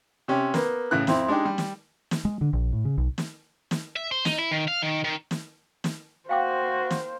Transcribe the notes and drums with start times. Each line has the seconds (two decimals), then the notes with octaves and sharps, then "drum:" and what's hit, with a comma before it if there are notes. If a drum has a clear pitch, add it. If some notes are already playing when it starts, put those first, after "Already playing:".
0.28 C3 C#4 G4
0.54 A#3 B3, drum: snare
0.91 A2 C#3 E3 F#6
1.07 F2 C4 E4, drum: snare
1.28 G#3 D4 D#4 G4
1.45 G3
1.58 drum: snare
2.11 drum: snare
2.25 G#3
2.41 D3
2.53 A#1
2.73 A2
2.85 C#3
2.98 B1
3.18 drum: snare
3.71 drum: snare
3.96 E5
4.12 C5
4.25 D#4, drum: snare
4.39 E4
4.51 D#3
4.68 F5
4.82 D#3
5.04 D#3
5.31 drum: snare
5.84 drum: snare
6.29 A#3 F#4 C5 F5 G5 D6
6.91 drum: snare